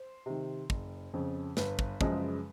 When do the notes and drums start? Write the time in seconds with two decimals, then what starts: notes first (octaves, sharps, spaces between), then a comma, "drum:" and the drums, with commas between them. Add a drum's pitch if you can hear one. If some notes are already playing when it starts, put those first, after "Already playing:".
Already playing: C5
0.26 C3 D#3
0.70 F#1, drum: kick
1.13 F2 C#3
1.57 G1 B4, drum: snare
1.79 drum: kick
2.01 F#2 C#3 F3 G#3, drum: kick